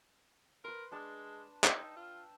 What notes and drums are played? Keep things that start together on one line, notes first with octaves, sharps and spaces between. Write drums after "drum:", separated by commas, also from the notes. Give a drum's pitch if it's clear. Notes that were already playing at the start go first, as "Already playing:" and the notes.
A#4 B4 C6
G#3 D4 A5
D#4 G5 A5 E6, drum: clap
F4